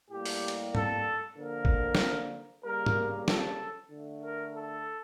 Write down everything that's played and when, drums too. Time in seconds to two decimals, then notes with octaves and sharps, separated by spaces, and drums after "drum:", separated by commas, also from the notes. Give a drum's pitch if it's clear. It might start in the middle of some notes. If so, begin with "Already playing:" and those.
0.11 A2 G3 A#3 G4
0.25 drum: open hi-hat
0.48 drum: cymbal
0.75 A4, drum: tom
1.38 D3 F3 A#3 A#4
1.65 drum: kick G#1
1.95 drum: snare
2.64 C#3 G3 A#3 A#4
2.86 drum: tom
3.28 A4, drum: snare
3.91 D3 A3
4.23 A#4
4.55 A4